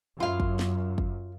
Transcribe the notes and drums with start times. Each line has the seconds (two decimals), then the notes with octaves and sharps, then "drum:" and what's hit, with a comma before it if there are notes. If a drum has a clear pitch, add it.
0.20 F#2 F4 F5
0.40 drum: kick
0.59 drum: snare
0.98 drum: kick